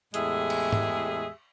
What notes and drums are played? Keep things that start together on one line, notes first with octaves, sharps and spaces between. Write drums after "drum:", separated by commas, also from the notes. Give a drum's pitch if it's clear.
E2 A2 G#3 G4 G#4 E5, drum: hi-hat
drum: cymbal
drum: tom G#2